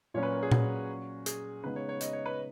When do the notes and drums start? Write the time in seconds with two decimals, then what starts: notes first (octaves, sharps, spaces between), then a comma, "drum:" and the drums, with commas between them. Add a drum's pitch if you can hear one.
0.14 A#2 F#3 C#4 C#5
0.23 B4
0.32 A#4
0.43 G#4
0.51 F#4, drum: tom A#2
1.26 G#4, drum: hi-hat
1.63 C#3 G#3 B3 D#4 B4
1.76 C#5
1.89 C#5
2.01 D#5, drum: hi-hat
2.13 C#5
2.26 B4